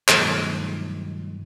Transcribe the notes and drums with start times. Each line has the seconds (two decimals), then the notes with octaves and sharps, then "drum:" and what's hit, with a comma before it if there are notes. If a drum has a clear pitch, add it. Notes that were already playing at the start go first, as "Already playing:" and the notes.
0.08 G2 B2 D#3 F3 F#3 A3, drum: clap